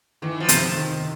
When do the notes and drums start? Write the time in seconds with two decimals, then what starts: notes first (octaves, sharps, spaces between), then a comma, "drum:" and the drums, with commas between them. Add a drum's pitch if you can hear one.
0.22 D#3 E3
0.40 F3
0.49 C3, drum: hi-hat
0.76 D#3